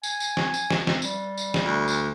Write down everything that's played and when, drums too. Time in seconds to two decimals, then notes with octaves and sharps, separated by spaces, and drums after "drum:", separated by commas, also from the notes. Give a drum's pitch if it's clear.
0.03 G#5, drum: tambourine
0.20 drum: tambourine
0.37 drum: snare
0.54 drum: tambourine
0.70 drum: snare
0.87 drum: snare
1.02 G3, drum: tambourine
1.37 drum: tambourine
1.54 drum: snare
1.64 D2
1.88 drum: tambourine